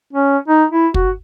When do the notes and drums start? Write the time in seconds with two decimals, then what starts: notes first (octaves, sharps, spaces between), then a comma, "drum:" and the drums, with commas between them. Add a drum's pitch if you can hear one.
0.13 C#4
0.48 D#4
0.71 E4
0.94 F#4, drum: kick